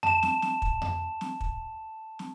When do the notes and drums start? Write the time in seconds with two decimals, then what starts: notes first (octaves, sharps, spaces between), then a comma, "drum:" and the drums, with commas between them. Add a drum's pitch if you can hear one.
0.03 A5 E7, drum: tom F2
0.23 drum: snare
0.42 drum: snare
0.62 drum: kick
0.82 drum: tom F2
1.21 drum: snare
1.41 drum: kick
2.19 drum: snare